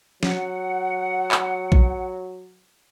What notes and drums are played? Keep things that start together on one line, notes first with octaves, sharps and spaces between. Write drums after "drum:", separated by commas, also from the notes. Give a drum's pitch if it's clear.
F#3 F#5, drum: snare
drum: clap
drum: kick A#1